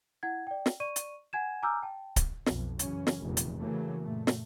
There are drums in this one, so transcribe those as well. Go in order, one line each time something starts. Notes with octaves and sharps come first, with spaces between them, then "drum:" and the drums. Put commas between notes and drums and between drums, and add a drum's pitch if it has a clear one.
E4 F#5 G#6
D5 G5
drum: snare
D5 C#6 D#7
drum: hi-hat
F#5 G#5 G#6 E7
G#5 A#5 D6 E6 F6 G6
G5 A5
drum: kick D1, hi-hat
B1 F2, drum: snare
F#2 C#3 E3 C#4, drum: hi-hat
drum: snare
F1 E2 A#2 D#3
drum: hi-hat
C#3 E3 F#3 A3 A#3
F#2 A#2 A3
drum: snare